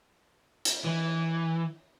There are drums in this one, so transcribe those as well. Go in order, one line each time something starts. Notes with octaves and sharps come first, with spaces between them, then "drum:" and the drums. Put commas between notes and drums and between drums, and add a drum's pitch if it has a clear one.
drum: hi-hat
E3